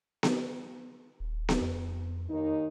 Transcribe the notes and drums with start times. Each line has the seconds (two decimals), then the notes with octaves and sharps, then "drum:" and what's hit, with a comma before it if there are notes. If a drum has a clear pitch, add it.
0.23 drum: snare B3
1.20 D#1
1.49 drum: snare B3
1.61 F2
2.29 D#2 D#3 D#4